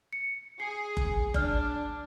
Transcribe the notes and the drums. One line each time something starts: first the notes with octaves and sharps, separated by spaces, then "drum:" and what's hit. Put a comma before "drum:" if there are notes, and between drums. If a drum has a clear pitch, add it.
C#7
G#4 C7
drum: kick F#1
D4 D5 F6, drum: kick F#1